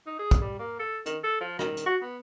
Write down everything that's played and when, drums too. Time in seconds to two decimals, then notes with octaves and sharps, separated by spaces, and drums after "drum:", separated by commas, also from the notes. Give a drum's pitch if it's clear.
0.07 D#4
0.19 G#4
0.31 drum: kick, hi-hat
0.41 G3
0.59 A#3
0.79 A4
1.06 D#3, drum: hi-hat
1.24 A4
1.40 F3
1.59 D#3, drum: rim click
1.77 drum: hi-hat
1.86 F#4
2.02 B3